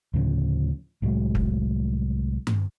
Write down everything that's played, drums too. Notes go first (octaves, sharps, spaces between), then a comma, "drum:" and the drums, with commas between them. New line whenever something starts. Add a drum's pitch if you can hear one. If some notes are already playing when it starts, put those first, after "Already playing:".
D2 A2 C#3 F3
C2 A2 F#3 G#3
drum: kick
drum: tom G2